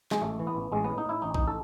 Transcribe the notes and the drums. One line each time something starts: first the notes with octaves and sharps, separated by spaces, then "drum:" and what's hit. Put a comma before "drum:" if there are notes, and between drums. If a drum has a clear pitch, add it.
G#3, drum: snare
A1 A3
E3
B3
A1
A1 G#3
B3
A2
D#4
A2 E4
A1 D#4
A1 D#4, drum: kick A#1
A4